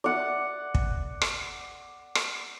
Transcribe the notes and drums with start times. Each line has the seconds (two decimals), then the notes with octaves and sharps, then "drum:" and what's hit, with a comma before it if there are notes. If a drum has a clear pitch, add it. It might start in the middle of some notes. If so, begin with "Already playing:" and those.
0.04 D5 F#5
0.75 drum: kick
1.21 drum: rim click
2.15 drum: rim click